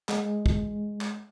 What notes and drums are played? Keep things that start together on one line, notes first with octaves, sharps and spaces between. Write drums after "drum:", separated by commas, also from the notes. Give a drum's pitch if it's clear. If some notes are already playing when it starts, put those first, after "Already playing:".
G#3, drum: clap
drum: kick
drum: clap